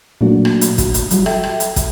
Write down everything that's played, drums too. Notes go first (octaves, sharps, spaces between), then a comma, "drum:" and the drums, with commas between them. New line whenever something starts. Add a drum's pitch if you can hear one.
A#2 F#3 A3 A#3 D4 F#4
drum: rim click
drum: hi-hat
F#4, drum: kick, hi-hat
drum: hi-hat
F#3 G3 F#4, drum: hi-hat
A4 E5 G5, drum: rim click
drum: rim click
drum: hi-hat
drum: kick, hi-hat